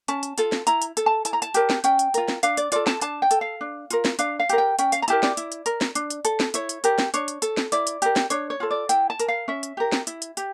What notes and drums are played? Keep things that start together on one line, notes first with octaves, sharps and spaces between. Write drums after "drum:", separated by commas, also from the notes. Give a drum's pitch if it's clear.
C#4 A5, drum: hi-hat
drum: hi-hat
F4 A4, drum: hi-hat
drum: snare
E4 A#5, drum: hi-hat
drum: hi-hat
A4, drum: hi-hat
A5
E4 A5, drum: hi-hat
A#5
A5, drum: hi-hat
G4 A#4, drum: hi-hat
drum: snare
C#4 G5, drum: hi-hat
drum: hi-hat
F4 A#4, drum: hi-hat
drum: snare
D4 F5, drum: hi-hat
D5, drum: hi-hat
F4 A4 D5, drum: hi-hat
A5, drum: snare
D4 A5, drum: hi-hat
G5
A4, drum: hi-hat
F5
D4
F4 A#4, drum: hi-hat
drum: snare
D4 F5, drum: hi-hat
F5
G4 A#4, drum: hi-hat
G5
C#4 G5, drum: hi-hat
F5, drum: hi-hat
A#5
E4 G4 A#4 A5, drum: hi-hat
D5, drum: snare
E4, drum: hi-hat
drum: hi-hat
A#4, drum: hi-hat
drum: snare
D4, drum: hi-hat
drum: hi-hat
A4, drum: hi-hat
drum: snare
E4 C#5, drum: hi-hat
drum: hi-hat
G4 A#4, drum: hi-hat
drum: snare
D4 C#5, drum: hi-hat
drum: hi-hat
A4, drum: hi-hat
drum: snare
E4 D5, drum: hi-hat
drum: hi-hat
G4 A#4, drum: hi-hat
drum: snare
D4 C#5, drum: hi-hat
C#5
F4 A4
D5
E4 G5, drum: hi-hat
A5
A#4, drum: hi-hat
F5
C#4 E5
drum: hi-hat
G4 A#4
drum: snare
E4, drum: hi-hat
drum: hi-hat
G4, drum: hi-hat